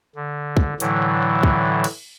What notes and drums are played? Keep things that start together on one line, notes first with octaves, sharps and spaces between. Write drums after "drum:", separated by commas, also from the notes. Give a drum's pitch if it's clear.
D3
drum: kick
A2 D3 E3 F#3, drum: hi-hat
drum: kick
drum: cymbal